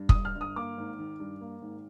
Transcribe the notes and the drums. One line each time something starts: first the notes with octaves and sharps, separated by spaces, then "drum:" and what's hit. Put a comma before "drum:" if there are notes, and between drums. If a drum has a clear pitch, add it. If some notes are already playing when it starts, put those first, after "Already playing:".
Already playing: G2
D#6, drum: kick
G1
F6
G1
D#6
A#3 D6
G#1
D#3
G2
A#3
G#1